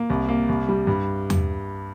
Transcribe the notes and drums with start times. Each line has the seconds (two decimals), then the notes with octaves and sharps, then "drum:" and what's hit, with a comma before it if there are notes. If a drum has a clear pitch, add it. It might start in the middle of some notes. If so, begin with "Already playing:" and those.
Already playing: A#3
0.10 C2
0.28 A#3
0.49 C2
0.69 G3
0.87 G2
1.30 drum: tom E2